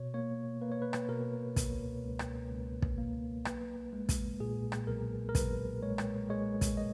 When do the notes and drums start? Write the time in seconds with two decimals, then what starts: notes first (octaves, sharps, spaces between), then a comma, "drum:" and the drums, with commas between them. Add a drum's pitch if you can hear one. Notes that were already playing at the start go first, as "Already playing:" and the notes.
Already playing: B2 C#5
0.14 A#3 C#5
0.62 A#3 B4
0.72 C#5
0.82 B4
0.93 drum: rim click
1.08 B2 A#4
1.56 C#2, drum: kick, hi-hat
2.03 C#2
2.19 drum: rim click
2.51 C#2
2.82 drum: kick
2.98 A#3
3.45 B1 B4, drum: rim click
3.93 G#3
4.09 drum: kick, hi-hat
4.40 A#2 G#4
4.72 drum: rim click
4.87 B1 A#4
5.29 A#4
5.35 B1 B4, drum: kick, hi-hat
5.83 G#3 C#5
5.98 drum: rim click
6.30 G#3 C#5
6.61 drum: kick, hi-hat
6.77 D#5